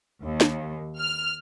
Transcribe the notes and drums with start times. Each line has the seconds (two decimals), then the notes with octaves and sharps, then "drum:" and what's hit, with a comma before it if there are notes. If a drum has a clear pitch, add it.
0.24 D#2
0.41 drum: snare
0.99 F6